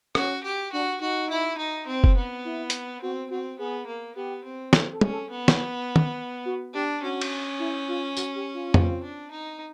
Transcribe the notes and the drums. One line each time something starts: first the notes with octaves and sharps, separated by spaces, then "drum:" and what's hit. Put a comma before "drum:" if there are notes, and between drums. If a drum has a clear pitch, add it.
C#4 F#4, drum: rim click
G4
D4 F#4
D#4 F#4
E4
D#4
C4
drum: kick F#1
B3
E4
drum: hi-hat
C4 F#4
C4 F#4
B3 G#4
A#3
B3 G4
C4
A4, drum: snare
A4
C#4, drum: tom
A4
B3
drum: snare
drum: tom
F#4
D4 G4
C#4 F#4
drum: cymbal
E4
F4
F#4, drum: tambourine
G4
F4
C4, drum: tom F2
D4
D#4